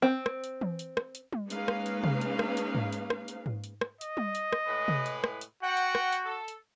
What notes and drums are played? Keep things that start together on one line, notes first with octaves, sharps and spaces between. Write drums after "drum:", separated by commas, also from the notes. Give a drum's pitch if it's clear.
C4
drum: rim click
drum: hi-hat
drum: tom E3
drum: hi-hat
drum: rim click
drum: hi-hat
drum: tom G3
G#3 A#3 C#4 D#4 B4 F5, drum: hi-hat
drum: rim click
drum: hi-hat
drum: tom C3
drum: hi-hat
drum: rim click
drum: hi-hat
drum: tom G#2
drum: hi-hat
drum: rim click
drum: hi-hat
drum: tom G#2
drum: hi-hat
drum: rim click
D#5, drum: hi-hat
drum: tom G3
drum: hi-hat
drum: rim click
A2 G#3 B4
drum: tom C3
drum: hi-hat
drum: rim click
drum: hi-hat
F#4 F#5 G5
drum: hi-hat
drum: rim click
drum: hi-hat
A4
drum: hi-hat